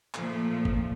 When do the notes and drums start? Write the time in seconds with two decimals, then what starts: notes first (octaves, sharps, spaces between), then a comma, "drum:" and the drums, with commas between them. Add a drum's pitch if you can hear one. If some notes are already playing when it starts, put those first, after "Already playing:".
0.14 A#2 F3 A3, drum: clap
0.65 drum: kick